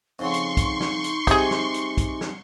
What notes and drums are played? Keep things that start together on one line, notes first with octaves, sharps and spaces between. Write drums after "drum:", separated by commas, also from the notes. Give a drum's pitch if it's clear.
F2 C#3 F#3 D#4 C6 C#6
drum: hi-hat
drum: kick, hi-hat
drum: snare
drum: hi-hat
C3 G3 G#3 G4 G#4, drum: kick, hi-hat
drum: snare
drum: hi-hat
drum: kick, hi-hat
drum: snare